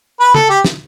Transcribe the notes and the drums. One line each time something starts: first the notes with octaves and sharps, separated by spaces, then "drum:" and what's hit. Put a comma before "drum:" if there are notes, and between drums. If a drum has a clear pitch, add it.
B4
A4, drum: tom C#3
G4
drum: snare